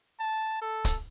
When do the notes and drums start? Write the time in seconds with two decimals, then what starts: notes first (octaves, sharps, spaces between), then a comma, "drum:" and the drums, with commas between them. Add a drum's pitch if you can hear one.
0.20 A5
0.62 A4
0.85 drum: kick, hi-hat